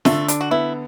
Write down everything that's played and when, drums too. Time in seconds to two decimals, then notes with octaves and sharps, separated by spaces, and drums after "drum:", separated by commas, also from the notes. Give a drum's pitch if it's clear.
0.05 D3 A3, drum: snare
0.28 D4, drum: hi-hat
0.41 F#4
0.51 B3 E4